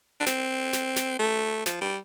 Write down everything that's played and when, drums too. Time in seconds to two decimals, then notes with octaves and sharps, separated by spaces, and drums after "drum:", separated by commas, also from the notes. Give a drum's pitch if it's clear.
0.20 D4
0.26 C4, drum: snare
0.73 drum: snare
0.96 drum: snare
1.19 A3
1.66 F3, drum: snare
1.81 G3